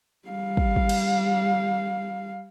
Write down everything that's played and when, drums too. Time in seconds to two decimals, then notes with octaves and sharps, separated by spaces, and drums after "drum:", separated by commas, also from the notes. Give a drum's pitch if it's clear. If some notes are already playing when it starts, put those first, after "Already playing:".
0.28 G3 F5
0.57 drum: kick
0.76 drum: kick
0.89 drum: cymbal